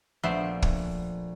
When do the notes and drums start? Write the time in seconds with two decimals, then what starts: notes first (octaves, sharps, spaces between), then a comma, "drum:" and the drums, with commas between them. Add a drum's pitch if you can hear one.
0.23 A#1 A3 B3 C5 D7
0.62 drum: kick